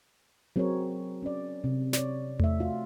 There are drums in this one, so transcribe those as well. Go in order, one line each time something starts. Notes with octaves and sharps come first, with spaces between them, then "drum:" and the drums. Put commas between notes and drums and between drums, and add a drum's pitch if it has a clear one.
F#3 C4 G#4 A#4 C#5
C#4 D5
C3
C#5 D5, drum: snare
A3 E5, drum: tom E2
F4 F#4